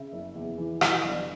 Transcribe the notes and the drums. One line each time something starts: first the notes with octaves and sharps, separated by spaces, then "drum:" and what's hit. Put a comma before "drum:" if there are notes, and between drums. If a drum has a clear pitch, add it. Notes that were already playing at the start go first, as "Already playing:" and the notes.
Already playing: C#3 E5
F#1
E2
E3
E3, drum: rim click
G1